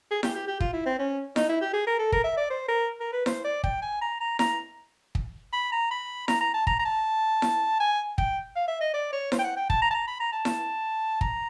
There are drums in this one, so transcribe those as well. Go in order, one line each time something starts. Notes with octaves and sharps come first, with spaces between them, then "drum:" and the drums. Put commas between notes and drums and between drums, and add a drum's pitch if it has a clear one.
G#4
G4, drum: snare E4
G4
G4
F4, drum: kick
E4
C4
C#4
D#4, drum: snare E4
E4
G4
G#4
A#4
A4
A#4, drum: kick
E5
D5
C5
A#4
A#4
B4
C5, drum: snare E4
D5
G5, drum: kick
G#5
A#5
A#5
A#5, drum: snare E4
drum: kick
B5
A#5
B5
A#5, drum: snare E4
A#5
A5
A#5, drum: kick
A#5
A5
drum: snare E4
G#5
G5, drum: kick
F5
E5
D#5
D5
C#5
C5, drum: snare E4
G5
F#5
G5
A5, drum: kick
A#5
A5
A#5
B5
A#5
A5
drum: snare E4
A#5, drum: kick